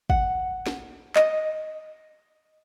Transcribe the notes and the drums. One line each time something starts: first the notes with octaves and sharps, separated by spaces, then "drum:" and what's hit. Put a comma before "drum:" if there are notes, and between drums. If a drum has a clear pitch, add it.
F#5, drum: kick
drum: snare
D#5, drum: clap